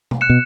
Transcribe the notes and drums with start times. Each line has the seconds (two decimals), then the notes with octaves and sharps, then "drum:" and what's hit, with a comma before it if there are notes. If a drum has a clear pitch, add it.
0.11 drum: tom B2
0.21 F#6 C#7 E7
0.30 B2